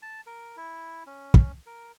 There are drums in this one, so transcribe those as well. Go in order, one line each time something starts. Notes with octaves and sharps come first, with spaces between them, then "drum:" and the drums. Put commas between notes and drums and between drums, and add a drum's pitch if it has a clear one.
A5
A#4
E4
C#4
drum: kick
A#4